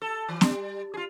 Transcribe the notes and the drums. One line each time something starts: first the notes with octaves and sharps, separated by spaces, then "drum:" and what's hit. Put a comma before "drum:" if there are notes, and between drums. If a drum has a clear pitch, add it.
A4
E3
G3, drum: snare
F4 G#4